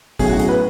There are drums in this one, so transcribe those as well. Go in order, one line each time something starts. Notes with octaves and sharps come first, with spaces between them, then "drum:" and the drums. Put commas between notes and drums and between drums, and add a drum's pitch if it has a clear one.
B1 A2 F#3 C#4 G#4, drum: kick, open hi-hat
F#4
G#4, drum: hi-hat
B4